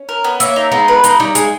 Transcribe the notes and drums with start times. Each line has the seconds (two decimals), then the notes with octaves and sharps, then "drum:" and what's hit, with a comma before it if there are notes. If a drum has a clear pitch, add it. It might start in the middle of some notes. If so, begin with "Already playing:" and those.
Already playing: C#4
0.09 A#4
0.24 B3
0.40 A#3 C#4 E5, drum: hi-hat
0.56 D#4
0.72 G#3 B3 D#4
0.88 B4
1.04 G#3 D#4, drum: hi-hat
1.20 G3 D#4
1.35 G#3 G#4, drum: hi-hat